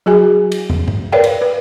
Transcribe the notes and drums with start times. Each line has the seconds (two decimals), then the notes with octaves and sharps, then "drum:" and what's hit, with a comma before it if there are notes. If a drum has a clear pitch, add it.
0.06 F#3 F#4 G#4 G#5
0.52 drum: cymbal
0.70 drum: tom
0.88 drum: tom G2
1.12 A#4 B4 C#5 D5 F5 G5
1.24 drum: cymbal
1.42 B4